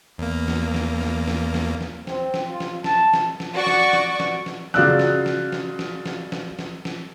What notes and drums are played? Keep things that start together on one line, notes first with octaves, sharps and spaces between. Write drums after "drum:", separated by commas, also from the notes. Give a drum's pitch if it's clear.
E2 A#3
drum: snare
drum: snare
drum: snare
drum: snare
drum: snare
drum: snare
C4, drum: snare
drum: snare
F4
drum: snare
A5, drum: snare
drum: snare
drum: snare
F#4 D5 C#6
drum: snare
drum: snare
drum: snare
drum: snare
C#3 F#3 F4 D5 E6 F#6, drum: snare
drum: snare
drum: snare
drum: snare
drum: snare
drum: snare
drum: snare
drum: snare
drum: snare